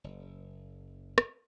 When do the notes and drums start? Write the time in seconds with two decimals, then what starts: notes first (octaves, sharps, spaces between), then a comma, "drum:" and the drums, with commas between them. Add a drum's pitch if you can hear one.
0.04 F#1
1.18 drum: rim click